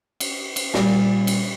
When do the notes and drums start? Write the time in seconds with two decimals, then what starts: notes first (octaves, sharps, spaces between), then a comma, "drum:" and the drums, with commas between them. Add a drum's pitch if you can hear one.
0.20 drum: cymbal
0.56 drum: cymbal
0.74 A#2 G3, drum: snare
1.27 drum: cymbal